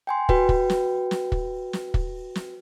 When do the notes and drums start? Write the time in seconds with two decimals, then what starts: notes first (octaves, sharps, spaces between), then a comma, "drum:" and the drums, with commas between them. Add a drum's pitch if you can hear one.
0.07 G5 G#5 C6
0.29 F#4 B4 G5, drum: kick
0.49 drum: kick
0.70 drum: snare
1.11 drum: snare
1.32 drum: kick
1.73 drum: snare
1.94 drum: kick
2.35 drum: snare